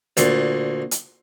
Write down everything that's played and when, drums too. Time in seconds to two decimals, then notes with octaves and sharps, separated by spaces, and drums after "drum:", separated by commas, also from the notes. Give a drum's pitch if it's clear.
0.17 D2 A#2, drum: hi-hat
0.91 drum: hi-hat